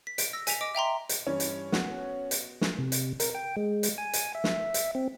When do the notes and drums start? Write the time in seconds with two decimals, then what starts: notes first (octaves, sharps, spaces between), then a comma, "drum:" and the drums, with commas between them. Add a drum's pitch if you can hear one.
0.07 B6
0.18 D7, drum: hi-hat
0.33 E6 A#6
0.47 G#5 B6 F7, drum: hi-hat
0.61 D#5 D6 D7
0.75 E5 G5 A#5 C6
1.09 drum: hi-hat
1.27 G2 E3 C#4
1.40 drum: hi-hat
1.72 B3 F#4 F#5, drum: snare
2.31 drum: hi-hat
2.61 drum: snare
2.79 C3
2.92 drum: hi-hat
3.20 A#4, drum: hi-hat
3.35 G5
3.57 G#3
3.83 drum: hi-hat
3.98 G#5
4.13 drum: hi-hat
4.35 E5
4.44 drum: snare
4.74 drum: hi-hat
4.95 C4